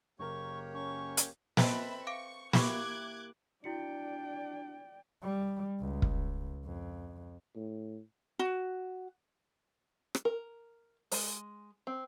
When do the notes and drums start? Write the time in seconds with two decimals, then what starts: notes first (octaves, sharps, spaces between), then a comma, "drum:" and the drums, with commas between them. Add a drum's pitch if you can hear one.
0.19 F#1 A#3 G4 A#4 C#5 C#6
0.74 C#4 C#6
1.17 drum: hi-hat
1.57 C4 A4 B4 D#5 E5 B5 D7, drum: snare
2.07 F5 C#6 D6 D7
2.53 A#3 E4 G4 B5 C#6 D6 F#6 G#6, drum: snare
3.64 D4 E4 F#4 D5 G5 C#7
5.22 G3
5.80 C#2
6.02 drum: kick
6.65 F2
7.56 A2
8.39 F#4
10.15 drum: rim click
10.25 A#4
11.12 G#3, drum: open hi-hat
11.87 C4